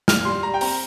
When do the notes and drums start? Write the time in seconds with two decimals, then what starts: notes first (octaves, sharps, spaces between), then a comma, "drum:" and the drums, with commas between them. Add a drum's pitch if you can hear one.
0.08 A#2 F6, drum: snare
0.25 G3 C6
0.43 G3 A#5
0.54 G5
0.61 C4 A#5, drum: open hi-hat